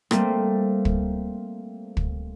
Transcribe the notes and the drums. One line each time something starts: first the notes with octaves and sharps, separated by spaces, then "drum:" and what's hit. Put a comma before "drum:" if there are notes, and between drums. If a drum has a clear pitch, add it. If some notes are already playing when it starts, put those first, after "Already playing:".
G3 A3 A#3 C4, drum: rim click
drum: kick
drum: kick